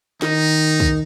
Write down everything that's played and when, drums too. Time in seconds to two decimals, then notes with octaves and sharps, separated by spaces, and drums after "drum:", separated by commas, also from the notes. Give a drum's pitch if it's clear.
0.22 D#3 D#4, drum: snare
0.80 drum: kick